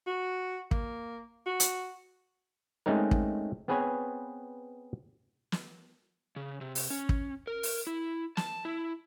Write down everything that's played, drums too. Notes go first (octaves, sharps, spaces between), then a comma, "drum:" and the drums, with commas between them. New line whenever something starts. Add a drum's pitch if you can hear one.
F#4
A#3, drum: kick
F#4
drum: hi-hat
G#3 A3 C4 C#4 D#4 A#4
drum: kick
B3 C4 G#4 B4 C#5 G#5
drum: snare
C#3
C3
drum: open hi-hat
C#4
drum: kick
A#4
drum: open hi-hat
E4
A5, drum: snare
E4